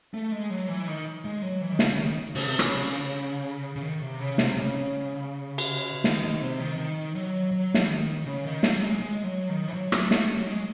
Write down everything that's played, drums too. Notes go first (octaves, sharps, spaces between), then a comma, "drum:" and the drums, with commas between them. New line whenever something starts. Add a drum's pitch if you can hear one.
A3
G#3
F#3
E3
D#3
G#3
F#3
E3
D#3
C#3, drum: snare
C#3
D#3
C#3, drum: open hi-hat
C3
C#3, drum: rim click
C#3
D#3
C3
C#3
C3, drum: snare
C#3
drum: cymbal
D#3, drum: snare
D#3
C3
D#3
D#3
F#3
F#3
F#3, drum: snare
E3
D#3
C#3
D#3
F#3, drum: snare
F#3
G#3
G#3
F#3
D#3
E3
F#3
A3, drum: rim click
A3, drum: snare
F#3
G#3